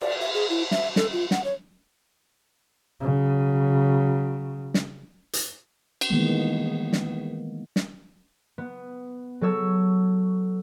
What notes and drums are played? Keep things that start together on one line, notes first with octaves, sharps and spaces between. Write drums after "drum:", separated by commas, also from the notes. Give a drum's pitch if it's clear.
D5, drum: cymbal
E5
G#4
E4
E5, drum: snare
A4, drum: snare
F4
F#5, drum: snare
C#5
C#3 F#3
drum: snare
drum: hi-hat
drum: cymbal
D#3 E3 G3 G#3 A#3 B3
drum: snare
drum: snare
B3
F#3 A4 C#5 E6